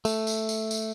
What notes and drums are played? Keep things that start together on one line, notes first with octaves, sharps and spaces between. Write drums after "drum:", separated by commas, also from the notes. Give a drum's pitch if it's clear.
A3, drum: tambourine
drum: tambourine
drum: tambourine
drum: tambourine